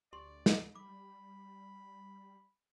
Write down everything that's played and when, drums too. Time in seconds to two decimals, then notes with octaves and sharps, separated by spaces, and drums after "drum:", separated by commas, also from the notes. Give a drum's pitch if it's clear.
0.13 D2 G4 D5 C6
0.46 drum: snare
0.75 G3 B5 D6